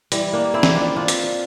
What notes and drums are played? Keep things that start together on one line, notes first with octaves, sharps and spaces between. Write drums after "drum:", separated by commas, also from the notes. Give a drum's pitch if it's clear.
E3 G3, drum: hi-hat
A#3 D4
C4 E4
drum: snare
D4 F4
D4 F4
drum: hi-hat